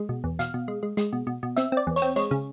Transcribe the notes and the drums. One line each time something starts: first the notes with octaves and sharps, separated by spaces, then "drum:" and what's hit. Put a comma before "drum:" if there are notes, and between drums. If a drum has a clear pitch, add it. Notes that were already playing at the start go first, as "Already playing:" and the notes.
Already playing: G#3
B2
E2
B2 F5, drum: hi-hat
B2
G#3
G#3
G#3, drum: hi-hat
B2
B2
B2
C4 E5, drum: hi-hat
C4 D5
E2
C#5, drum: open hi-hat
C4
G#3 C#5, drum: open hi-hat
C#3